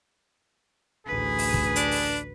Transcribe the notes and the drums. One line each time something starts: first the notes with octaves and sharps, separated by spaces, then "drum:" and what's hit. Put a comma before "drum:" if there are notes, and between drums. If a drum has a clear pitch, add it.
A1 D2 G#4 B4
drum: open hi-hat
drum: kick
D4, drum: hi-hat
drum: open hi-hat